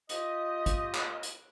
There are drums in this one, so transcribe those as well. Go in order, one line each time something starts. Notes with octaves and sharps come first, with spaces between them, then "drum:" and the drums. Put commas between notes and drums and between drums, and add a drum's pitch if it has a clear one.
F4 G4 D#5, drum: hi-hat
drum: kick, hi-hat
drum: clap
drum: hi-hat